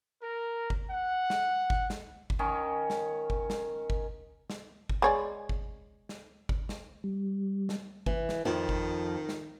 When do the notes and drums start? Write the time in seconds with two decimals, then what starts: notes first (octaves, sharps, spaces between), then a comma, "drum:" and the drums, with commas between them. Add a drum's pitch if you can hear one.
0.22 A#4
0.70 drum: kick G1
0.90 F#5
1.30 drum: snare
1.70 drum: kick G1
1.90 drum: snare
2.30 drum: kick G1
2.39 D#3 C#4
2.90 drum: snare
3.30 drum: kick G1
3.50 drum: snare
3.90 drum: kick G1
4.50 drum: snare
4.90 drum: kick G1
5.02 G#3 C#5 D5
5.49 drum: kick G1
6.09 drum: snare
6.49 drum: kick G1
6.69 drum: snare
7.04 G3
7.69 drum: snare
8.06 E3, drum: kick G1
8.29 drum: snare
8.45 F2 D#3 F3
8.69 drum: kick G1
9.29 drum: snare